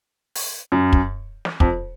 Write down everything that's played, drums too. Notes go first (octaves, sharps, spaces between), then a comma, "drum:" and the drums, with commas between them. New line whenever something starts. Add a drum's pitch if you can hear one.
drum: open hi-hat
F#2
drum: kick
drum: snare
F2, drum: kick